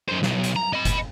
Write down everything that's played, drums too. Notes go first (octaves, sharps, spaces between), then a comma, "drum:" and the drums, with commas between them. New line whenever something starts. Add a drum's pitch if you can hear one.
F#2 C5
B1, drum: snare
drum: hi-hat
A#5
D#5 B5
drum: kick F#1, hi-hat